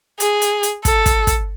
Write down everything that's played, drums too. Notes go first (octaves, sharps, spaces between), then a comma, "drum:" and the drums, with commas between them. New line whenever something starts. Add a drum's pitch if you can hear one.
G#4, drum: hi-hat
drum: hi-hat
drum: hi-hat
A4, drum: kick, hi-hat
drum: kick, hi-hat
drum: kick, hi-hat